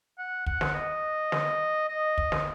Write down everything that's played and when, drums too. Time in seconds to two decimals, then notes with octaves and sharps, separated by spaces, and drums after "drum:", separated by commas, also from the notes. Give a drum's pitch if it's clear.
0.18 F#5
0.46 F#5, drum: kick
0.61 drum: snare
0.75 D#5
1.32 drum: snare
1.89 D#5
2.18 drum: kick
2.32 drum: snare